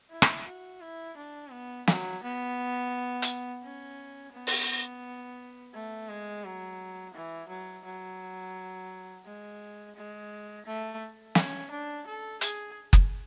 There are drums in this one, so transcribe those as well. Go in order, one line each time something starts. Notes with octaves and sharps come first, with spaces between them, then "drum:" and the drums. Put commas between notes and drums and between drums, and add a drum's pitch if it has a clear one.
E4
drum: rim click
F#4
E4
D4
B3
F#3, drum: snare
B3
drum: hi-hat
C#4
B3
drum: open hi-hat
A3
G#3
F#3
E3
F#3
F#3
G#3
G#3
A3
C#4, drum: snare
D4
A4
G#4, drum: hi-hat
drum: kick F#1